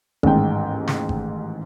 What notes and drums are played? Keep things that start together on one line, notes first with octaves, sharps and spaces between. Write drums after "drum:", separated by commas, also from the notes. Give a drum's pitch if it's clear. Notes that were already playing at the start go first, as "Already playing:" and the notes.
A1 D#2 G#2 G5, drum: kick G1
drum: snare
drum: kick G1